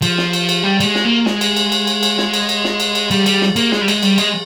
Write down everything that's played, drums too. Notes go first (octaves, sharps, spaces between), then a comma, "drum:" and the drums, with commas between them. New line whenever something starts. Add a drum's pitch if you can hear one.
F3, drum: cymbal
drum: snare
drum: cymbal
drum: cymbal
G3
G3, drum: cymbal
G#3
drum: snare
A#3
G#3, drum: snare
drum: cymbal
drum: cymbal
drum: cymbal
drum: cymbal
drum: cymbal
drum: snare
drum: cymbal
drum: cymbal
drum: snare
drum: cymbal
drum: cymbal
G3, drum: cymbal
G3, drum: cymbal
drum: snare
A#3, drum: cymbal
G#3, drum: snare
G3
G#3, drum: cymbal
G3, drum: cymbal
G#3, drum: cymbal